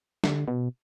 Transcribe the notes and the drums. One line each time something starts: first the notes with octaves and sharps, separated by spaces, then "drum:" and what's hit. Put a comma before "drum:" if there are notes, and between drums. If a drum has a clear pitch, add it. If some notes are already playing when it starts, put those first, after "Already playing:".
D3, drum: snare
B2